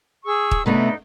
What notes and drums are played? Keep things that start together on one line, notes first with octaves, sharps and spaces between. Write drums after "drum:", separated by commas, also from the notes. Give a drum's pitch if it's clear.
G#4 C#6 E6
drum: kick
C3 A3 B3 D4 D#4 B4